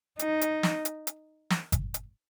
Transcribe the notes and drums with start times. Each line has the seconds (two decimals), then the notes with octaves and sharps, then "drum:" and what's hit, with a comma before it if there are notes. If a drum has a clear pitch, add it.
0.19 D#4, drum: hi-hat
0.41 drum: hi-hat
0.63 drum: snare
0.85 drum: hi-hat
1.07 drum: hi-hat
1.50 drum: snare
1.72 drum: kick G1, hi-hat
1.94 drum: hi-hat